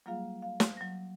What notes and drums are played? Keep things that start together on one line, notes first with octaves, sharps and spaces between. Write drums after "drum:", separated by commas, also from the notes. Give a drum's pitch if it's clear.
F#3 G3 A#3 F4 G#4 F5
F5
drum: snare
F#3 A#6